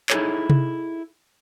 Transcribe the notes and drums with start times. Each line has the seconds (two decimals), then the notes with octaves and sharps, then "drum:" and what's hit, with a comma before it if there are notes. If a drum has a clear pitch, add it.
0.10 D#4 E4 G#4 A4 C#5, drum: clap
0.50 drum: tom C3